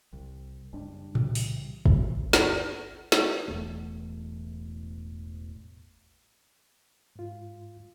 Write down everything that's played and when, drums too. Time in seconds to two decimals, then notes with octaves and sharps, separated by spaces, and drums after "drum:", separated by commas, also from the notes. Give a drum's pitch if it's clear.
0.13 C2
0.73 F#1 G3 D4
1.15 C2 C#3 E3 G3, drum: tom A2
1.35 drum: open hi-hat
1.86 G1 D2, drum: kick
2.33 drum: snare
3.12 drum: snare
3.48 E1 A1 E2 A3
7.16 G#2 F4